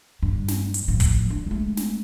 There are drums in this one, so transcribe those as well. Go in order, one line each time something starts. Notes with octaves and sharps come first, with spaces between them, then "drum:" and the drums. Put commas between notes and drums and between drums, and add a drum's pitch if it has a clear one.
G2
drum: snare
drum: hi-hat
A2 F3
drum: kick, hi-hat
D4
G#3 A3
drum: snare